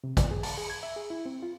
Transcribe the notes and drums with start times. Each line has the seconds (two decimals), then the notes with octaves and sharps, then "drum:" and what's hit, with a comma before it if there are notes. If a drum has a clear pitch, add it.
0.04 C3
0.17 D5, drum: kick, hi-hat
0.31 G#4
0.43 A5, drum: open hi-hat
0.58 G#4
0.70 G#6
0.83 E5
0.96 G#4
1.10 E4
1.26 C4
1.43 F4